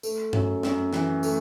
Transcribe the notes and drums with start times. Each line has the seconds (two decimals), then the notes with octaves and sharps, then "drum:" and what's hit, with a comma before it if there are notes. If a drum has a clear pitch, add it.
0.03 A3, drum: tambourine
0.33 F#2, drum: tom G2
0.63 F#2, drum: snare
0.93 E3, drum: snare
1.23 A3, drum: tambourine